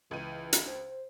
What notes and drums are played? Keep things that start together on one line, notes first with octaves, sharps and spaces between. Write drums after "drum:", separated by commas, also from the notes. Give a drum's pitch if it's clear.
C#2 E3 D#7
drum: hi-hat
C5